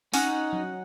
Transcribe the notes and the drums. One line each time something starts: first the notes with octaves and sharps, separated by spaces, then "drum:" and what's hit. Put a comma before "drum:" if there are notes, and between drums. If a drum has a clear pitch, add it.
C#4 D#4 F#5, drum: open hi-hat
F#3